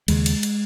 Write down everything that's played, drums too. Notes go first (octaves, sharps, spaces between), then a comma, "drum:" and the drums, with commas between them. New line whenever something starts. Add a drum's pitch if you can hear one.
D#2 C#3 G#3, drum: cymbal
drum: cymbal
drum: cymbal